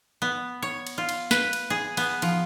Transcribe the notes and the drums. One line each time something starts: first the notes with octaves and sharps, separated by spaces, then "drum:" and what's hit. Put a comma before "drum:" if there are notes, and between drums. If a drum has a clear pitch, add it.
B3
C#5
drum: cymbal
F4
drum: cymbal
B4, drum: snare
drum: cymbal
G#4
B3, drum: cymbal
F3, drum: cymbal